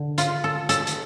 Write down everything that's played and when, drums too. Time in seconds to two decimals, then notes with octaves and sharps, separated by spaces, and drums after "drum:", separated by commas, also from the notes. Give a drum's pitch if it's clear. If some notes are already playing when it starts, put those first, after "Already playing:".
Already playing: D3
0.18 F4, drum: hi-hat
0.44 A4
0.69 A4, drum: hi-hat
0.87 drum: hi-hat